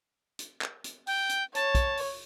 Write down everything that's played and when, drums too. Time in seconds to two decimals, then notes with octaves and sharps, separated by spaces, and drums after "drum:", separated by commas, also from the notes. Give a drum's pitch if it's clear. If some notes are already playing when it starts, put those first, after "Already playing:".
0.39 drum: hi-hat
0.61 drum: clap
0.84 drum: hi-hat
1.07 G5, drum: open hi-hat
1.29 drum: hi-hat
1.55 C#5 A5, drum: hi-hat
1.75 drum: kick B1, hi-hat
1.97 drum: open hi-hat